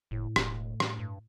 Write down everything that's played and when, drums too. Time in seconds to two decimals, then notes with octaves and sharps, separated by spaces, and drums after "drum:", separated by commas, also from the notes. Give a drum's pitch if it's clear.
0.11 F#1 A2
0.36 E1, drum: rim click
0.80 drum: rim click
0.99 G2